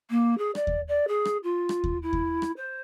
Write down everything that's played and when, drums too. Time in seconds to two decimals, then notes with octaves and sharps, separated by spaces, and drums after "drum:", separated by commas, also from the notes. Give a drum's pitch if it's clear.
0.10 A#3
0.38 G#4
0.55 D5, drum: rim click
0.67 drum: kick D#2
0.87 D5
1.08 G#4
1.25 drum: rim click
1.43 F4
1.69 drum: rim click
1.84 drum: kick D#2
2.02 E4
2.13 drum: kick D#2
2.42 drum: rim click
2.56 C5